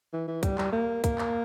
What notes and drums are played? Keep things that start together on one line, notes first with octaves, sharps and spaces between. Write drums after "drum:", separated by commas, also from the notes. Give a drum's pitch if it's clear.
E3
E3
G3, drum: kick, hi-hat
G3, drum: clap
A#3
A#3, drum: kick, hi-hat
drum: clap